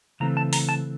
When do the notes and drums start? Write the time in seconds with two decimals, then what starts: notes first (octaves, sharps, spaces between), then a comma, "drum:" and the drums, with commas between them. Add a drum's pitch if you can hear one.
0.20 C#3 E3 A3 C4 A#5
0.37 A5
0.53 A#5, drum: open hi-hat
0.69 A5